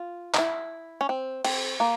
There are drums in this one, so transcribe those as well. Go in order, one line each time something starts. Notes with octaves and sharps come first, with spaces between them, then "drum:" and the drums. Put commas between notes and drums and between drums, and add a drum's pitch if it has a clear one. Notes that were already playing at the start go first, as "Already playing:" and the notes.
Already playing: F4
D#4, drum: clap
E4
C#4
C4
C4, drum: cymbal
A#3